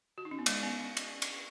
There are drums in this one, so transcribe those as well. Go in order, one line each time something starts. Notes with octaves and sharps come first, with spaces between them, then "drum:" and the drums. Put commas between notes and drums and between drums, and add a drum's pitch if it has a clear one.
F#4
D#4
C#4
B3
G#3, drum: cymbal
B3
C#4
drum: cymbal
drum: cymbal